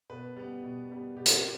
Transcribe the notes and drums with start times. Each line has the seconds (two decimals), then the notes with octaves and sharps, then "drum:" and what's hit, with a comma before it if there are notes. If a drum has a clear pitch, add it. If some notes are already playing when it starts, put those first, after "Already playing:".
0.09 B2 B4
0.36 G3 B3
0.63 B2
0.89 G3 B3
1.16 B2 G4
1.26 F4, drum: hi-hat
1.35 G4